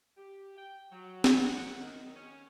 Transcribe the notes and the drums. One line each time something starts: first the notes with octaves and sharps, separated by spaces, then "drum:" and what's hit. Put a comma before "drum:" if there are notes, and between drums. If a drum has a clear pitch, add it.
G4
G5
F#3
drum: snare
F#5
D#3
C#4